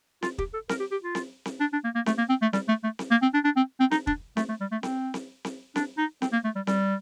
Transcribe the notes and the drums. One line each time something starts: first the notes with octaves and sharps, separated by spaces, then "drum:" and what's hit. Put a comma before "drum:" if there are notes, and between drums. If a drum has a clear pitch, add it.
F4, drum: snare C4
G4, drum: kick
A4
A#4, drum: snare C4
G4
G4
F4
drum: snare C4
drum: snare C4
D4
D4
A#3
A#3
A3, drum: snare C4
A#3
C4
A3
G3, drum: snare C4
A3
A3
drum: snare C4
A#3
C4
D4
D4
C4
C4
D#4, drum: snare C4
D4, drum: kick
A3, drum: snare C4
A3
G3
A3
C4, drum: snare C4
drum: snare C4
drum: snare C4
D4, drum: snare C4
D#4
C4, drum: snare C4
A#3
A3
G3
G3, drum: snare C4